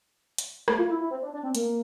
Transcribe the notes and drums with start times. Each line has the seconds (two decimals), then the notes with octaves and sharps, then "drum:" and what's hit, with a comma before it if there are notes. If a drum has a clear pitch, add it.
0.38 drum: hi-hat
0.68 A3, drum: rim click
0.78 F4
0.90 E4
1.01 E4
1.11 C4
1.22 D4
1.33 D4
1.43 C4
1.55 A#3, drum: hi-hat